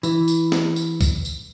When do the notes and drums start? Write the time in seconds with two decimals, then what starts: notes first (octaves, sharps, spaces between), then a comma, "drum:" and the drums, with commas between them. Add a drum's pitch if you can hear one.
0.03 E3, drum: tambourine
0.28 drum: tambourine
0.52 drum: snare
0.76 drum: tambourine
1.01 drum: kick, tambourine
1.25 drum: tambourine